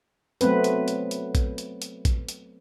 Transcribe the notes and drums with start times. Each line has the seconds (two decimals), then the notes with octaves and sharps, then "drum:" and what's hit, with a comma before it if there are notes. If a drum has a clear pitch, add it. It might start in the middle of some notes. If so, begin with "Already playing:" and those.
0.41 F#3 A3 B3 C4 B4, drum: hi-hat
0.64 drum: hi-hat
0.88 drum: hi-hat
1.11 drum: hi-hat
1.35 drum: kick A#1, hi-hat
1.58 drum: hi-hat
1.82 drum: hi-hat
2.05 drum: kick A#1, hi-hat
2.28 drum: hi-hat